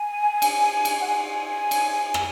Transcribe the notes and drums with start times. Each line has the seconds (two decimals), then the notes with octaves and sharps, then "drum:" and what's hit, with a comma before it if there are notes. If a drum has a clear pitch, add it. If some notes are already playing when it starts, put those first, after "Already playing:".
Already playing: G#5
0.42 drum: cymbal
0.85 drum: cymbal
1.01 F#5
1.07 G#5
1.50 G#5
1.71 drum: cymbal
1.93 G#5
2.14 drum: rim click